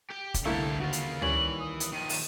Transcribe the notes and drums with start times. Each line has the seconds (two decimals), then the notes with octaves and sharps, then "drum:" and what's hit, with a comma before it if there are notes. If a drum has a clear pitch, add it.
0.10 G4 G5
0.34 drum: kick, hi-hat
0.45 C2 D3 A3 A#3 E4 G4 A4
0.80 D#2 C#3 F4 F#4
0.93 drum: hi-hat
1.22 E3 G3 C#4 F#7, drum: tom C#2
1.60 D#6
1.80 drum: hi-hat
1.93 D#3 F3 D#7
2.09 drum: open hi-hat